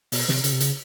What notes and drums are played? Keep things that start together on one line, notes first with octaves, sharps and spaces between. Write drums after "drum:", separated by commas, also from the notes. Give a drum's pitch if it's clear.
B2, drum: open hi-hat
C3, drum: snare
C#3, drum: hi-hat
C3
C#3, drum: hi-hat